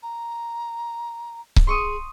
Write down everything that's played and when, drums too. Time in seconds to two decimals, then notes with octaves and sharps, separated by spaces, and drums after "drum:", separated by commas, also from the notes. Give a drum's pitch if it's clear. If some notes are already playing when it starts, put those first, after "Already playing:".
0.03 A#5
1.56 drum: kick C#1
1.67 G#4 C6 C#6 D#6